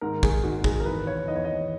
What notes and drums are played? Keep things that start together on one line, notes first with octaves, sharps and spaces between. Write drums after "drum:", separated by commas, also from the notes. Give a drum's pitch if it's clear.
G#2 D#3 A#4
G#4, drum: kick
G#2 D#3 F#4
G#4, drum: kick
A#4
E2 D#3 B4
C#5
E2 D#3 D#5
C#5
D#5